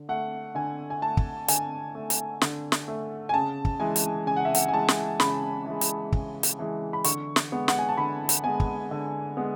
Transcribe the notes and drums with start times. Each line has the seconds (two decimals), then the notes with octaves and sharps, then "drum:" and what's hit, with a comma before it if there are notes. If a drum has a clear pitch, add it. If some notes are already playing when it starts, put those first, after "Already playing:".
Already playing: D3
0.09 A3 F#5
0.55 D3 G#5
0.90 G#5
1.02 A3 A5
1.17 drum: kick
1.48 D3 G#5, drum: hi-hat
1.95 A3
2.10 drum: hi-hat
2.41 D3, drum: snare
2.72 drum: snare
2.88 A3
3.29 G#5
3.34 C#3 A5
3.65 drum: kick
3.80 E3 G#3 G#5
3.96 drum: hi-hat
4.26 C#3 G#5
4.36 F#5
4.45 E5
4.55 F#5, drum: hi-hat
4.68 G#5
4.72 E3 G#3 A5
4.88 drum: snare
5.20 C#3 B5, drum: snare
5.66 E3 G#3
5.81 drum: hi-hat
6.12 C#3, drum: kick
6.43 drum: hi-hat
6.59 E3 G#3
6.93 B5
7.04 D3 C#6, drum: hi-hat
7.36 drum: snare
7.52 G#3 B3
7.68 F#5, drum: snare
7.79 G#5
7.89 A5
7.97 D3 B5
8.29 drum: hi-hat
8.44 G#3 B3 G#5
8.60 drum: kick
8.91 D3
9.37 G#3 B3